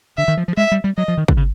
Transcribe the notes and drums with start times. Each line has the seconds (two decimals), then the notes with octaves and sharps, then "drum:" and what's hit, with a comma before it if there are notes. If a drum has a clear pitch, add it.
0.17 D3 E5
0.28 D#3
0.37 F3
0.48 F3
0.57 G#3 E5
0.72 G3
0.84 G3
0.97 F#3 D#5
1.08 F3
1.17 D#3
1.28 D3, drum: kick
1.37 C#3